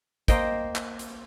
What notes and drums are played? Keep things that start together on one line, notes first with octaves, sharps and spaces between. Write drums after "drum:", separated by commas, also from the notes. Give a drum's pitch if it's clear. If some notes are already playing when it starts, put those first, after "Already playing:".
A#3 C5 D#5 G5, drum: kick, hi-hat
drum: clap
drum: hi-hat